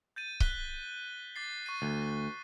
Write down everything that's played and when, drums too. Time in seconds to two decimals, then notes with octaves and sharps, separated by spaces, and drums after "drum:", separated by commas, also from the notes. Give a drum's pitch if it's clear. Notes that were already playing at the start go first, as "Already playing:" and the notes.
0.16 G6 A6 D#7
0.40 F#6 B6 G7, drum: kick C#1
1.36 D6 A6 C7
1.66 C#6 A6 D#7
1.82 D2
2.02 A6